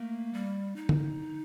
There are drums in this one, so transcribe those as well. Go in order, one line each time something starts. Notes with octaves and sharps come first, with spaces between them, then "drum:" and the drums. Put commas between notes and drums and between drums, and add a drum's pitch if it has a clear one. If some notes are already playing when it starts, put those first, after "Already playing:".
Already playing: A3 A#3
G3
D#4
drum: tom D3